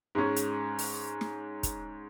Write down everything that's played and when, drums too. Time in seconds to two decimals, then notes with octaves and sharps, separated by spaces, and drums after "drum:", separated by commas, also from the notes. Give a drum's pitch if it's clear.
0.15 G#2 G#3 C#4
0.36 drum: hi-hat
0.79 drum: open hi-hat
1.21 drum: snare
1.63 drum: kick, hi-hat